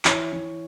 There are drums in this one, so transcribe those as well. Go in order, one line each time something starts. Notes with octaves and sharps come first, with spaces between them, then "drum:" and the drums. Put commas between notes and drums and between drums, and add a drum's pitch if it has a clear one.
E3 C#5, drum: clap
E3